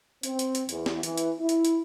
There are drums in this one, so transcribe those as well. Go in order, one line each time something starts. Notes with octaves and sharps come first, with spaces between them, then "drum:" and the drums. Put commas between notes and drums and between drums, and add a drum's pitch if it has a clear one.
C4, drum: hi-hat
drum: hi-hat
drum: hi-hat
E2, drum: hi-hat
drum: snare
E3, drum: hi-hat
drum: hi-hat
E4
drum: hi-hat
drum: hi-hat